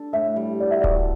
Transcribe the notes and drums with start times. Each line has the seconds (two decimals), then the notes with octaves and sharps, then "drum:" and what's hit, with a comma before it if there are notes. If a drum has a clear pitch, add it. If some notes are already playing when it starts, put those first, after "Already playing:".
Already playing: D4 A4
0.13 A2 E5
0.36 G3
0.60 F#4 D5
0.71 E5
0.81 D5
0.84 A4, drum: kick D1